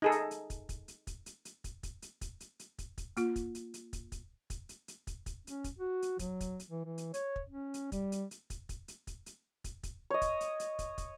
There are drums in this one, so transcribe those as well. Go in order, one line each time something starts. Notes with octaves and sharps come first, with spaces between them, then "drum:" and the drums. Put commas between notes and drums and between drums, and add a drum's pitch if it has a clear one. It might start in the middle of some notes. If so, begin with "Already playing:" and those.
D#4 G#4 A4
drum: hi-hat
drum: hi-hat
drum: kick, hi-hat
drum: kick, hi-hat
drum: hi-hat
drum: kick, hi-hat
drum: hi-hat
drum: hi-hat
drum: kick, hi-hat
drum: kick, hi-hat
drum: hi-hat
drum: kick, hi-hat
drum: hi-hat
drum: hi-hat
drum: kick, hi-hat
drum: kick, hi-hat
A#3 F4, drum: hi-hat
drum: kick, hi-hat
drum: hi-hat
drum: hi-hat
drum: kick, hi-hat
drum: kick, hi-hat
drum: kick, hi-hat
drum: hi-hat
drum: hi-hat
drum: kick, hi-hat
drum: kick, hi-hat
C#4, drum: hi-hat
drum: kick, hi-hat
F#4
drum: hi-hat
F#3, drum: kick, hi-hat
drum: kick, hi-hat
drum: hi-hat
E3
E3
drum: hi-hat
C#5, drum: hi-hat
drum: kick
C#4
drum: hi-hat
G3, drum: kick, hi-hat
drum: hi-hat
drum: hi-hat
drum: kick, hi-hat
drum: kick, hi-hat
drum: hi-hat
drum: kick, hi-hat
drum: hi-hat
drum: kick, hi-hat
drum: kick, hi-hat
C#5 D#5
drum: kick, hi-hat
drum: hi-hat
drum: hi-hat
drum: kick, hi-hat
drum: kick, hi-hat